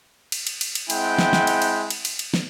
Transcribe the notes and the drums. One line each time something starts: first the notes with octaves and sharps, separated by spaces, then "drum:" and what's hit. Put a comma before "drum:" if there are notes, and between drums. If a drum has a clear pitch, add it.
drum: cymbal
drum: cymbal
drum: cymbal
drum: cymbal
G#3 C4 E4 F#5 G5, drum: cymbal
drum: snare
drum: snare
drum: cymbal
drum: cymbal
drum: cymbal
drum: cymbal
drum: cymbal
drum: snare